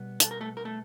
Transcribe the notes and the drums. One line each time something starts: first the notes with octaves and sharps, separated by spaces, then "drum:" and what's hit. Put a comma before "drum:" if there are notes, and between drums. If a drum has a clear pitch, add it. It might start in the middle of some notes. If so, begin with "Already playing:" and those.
Already playing: B2 G3 B3
A4, drum: hi-hat
A#4
A3 A4
A#4
A3 A4